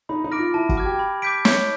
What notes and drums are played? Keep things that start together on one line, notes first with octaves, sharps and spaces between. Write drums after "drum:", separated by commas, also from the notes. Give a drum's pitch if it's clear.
D#4 B5
D#4
D6 F6 A#6 D7
F4
E4 A5
F#4, drum: kick
D6 F6 G#6
G4
B5
D6 G6 B6 D7
C#5 G6, drum: snare